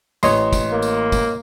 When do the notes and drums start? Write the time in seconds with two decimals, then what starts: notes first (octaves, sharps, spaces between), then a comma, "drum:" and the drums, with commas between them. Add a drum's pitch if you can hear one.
0.23 A1 C#5 D#5 C6, drum: tambourine
0.53 drum: kick, tambourine
0.72 A#3
0.82 drum: tambourine
1.12 drum: kick, tambourine